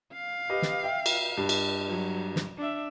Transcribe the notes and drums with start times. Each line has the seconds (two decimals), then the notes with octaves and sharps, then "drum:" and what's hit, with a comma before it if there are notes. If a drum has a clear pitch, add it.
0.13 F5
0.49 G4 B4 D#5
0.62 drum: snare
0.83 E5 G5
1.06 drum: cymbal
1.37 G2
1.49 drum: cymbal
1.88 F#3
2.36 drum: snare
2.58 D4 E5